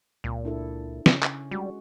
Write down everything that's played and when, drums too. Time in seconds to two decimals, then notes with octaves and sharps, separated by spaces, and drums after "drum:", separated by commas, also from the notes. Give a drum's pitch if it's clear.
0.24 C#2 A#2
0.45 D4 E4 A4
1.06 C#3 C#4, drum: snare
1.23 drum: clap
1.51 G3 G#3 F#4